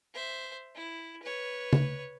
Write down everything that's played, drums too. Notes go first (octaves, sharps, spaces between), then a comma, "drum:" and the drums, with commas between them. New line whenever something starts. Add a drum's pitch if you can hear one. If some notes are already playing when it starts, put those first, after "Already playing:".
C5 E5
E4
B4 C#5
drum: tom C#3